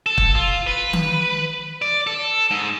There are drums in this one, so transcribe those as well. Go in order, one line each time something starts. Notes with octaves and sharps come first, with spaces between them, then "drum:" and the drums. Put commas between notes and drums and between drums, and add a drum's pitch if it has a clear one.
A4
drum: kick
F4
B4
drum: tom D#3
D5
A4
G#2